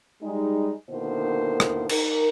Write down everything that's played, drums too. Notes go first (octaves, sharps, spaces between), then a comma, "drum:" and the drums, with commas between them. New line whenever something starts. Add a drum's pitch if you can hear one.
G3 G#3 D#4
B2 D3 D#3 A#3 E4 C5
drum: rim click
D#4 A#4, drum: cymbal